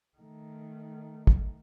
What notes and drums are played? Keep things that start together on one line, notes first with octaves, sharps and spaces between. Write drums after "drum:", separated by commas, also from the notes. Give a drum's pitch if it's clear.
D#3 A3
drum: kick